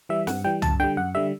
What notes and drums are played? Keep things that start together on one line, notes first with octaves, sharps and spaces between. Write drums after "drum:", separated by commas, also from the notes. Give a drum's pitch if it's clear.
E3 G3 E5
G2 F#5, drum: snare
E3 G3 G5
F#2 A5, drum: tom
D3 G3 G5
F#2 F#5
D3 G3 E5